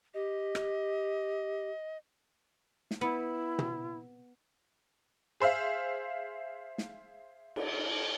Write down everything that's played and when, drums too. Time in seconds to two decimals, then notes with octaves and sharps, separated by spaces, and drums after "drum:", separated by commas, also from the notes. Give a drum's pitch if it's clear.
0.14 G4 D#5
0.55 drum: rim click
2.91 drum: snare
3.01 B3 E4
3.59 drum: tom
5.40 G#4 C5 E5 F5
6.78 drum: snare
7.56 drum: cymbal